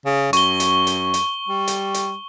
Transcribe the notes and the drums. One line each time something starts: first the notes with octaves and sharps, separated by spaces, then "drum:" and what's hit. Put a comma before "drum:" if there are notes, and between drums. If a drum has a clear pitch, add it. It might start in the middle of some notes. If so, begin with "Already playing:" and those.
C#3
F#2 C#6 G7, drum: hi-hat
drum: hi-hat
drum: hi-hat
drum: hi-hat
G3
drum: hi-hat
drum: hi-hat